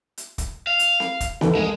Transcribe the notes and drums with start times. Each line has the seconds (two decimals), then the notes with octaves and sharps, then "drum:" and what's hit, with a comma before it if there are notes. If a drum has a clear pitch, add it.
0.18 drum: hi-hat
0.38 drum: kick, hi-hat
0.67 F5
0.79 drum: hi-hat
1.00 drum: snare C4
1.21 drum: kick, hi-hat
1.41 F1 D#2 E3, drum: snare C4
1.55 C2 G#3 D#7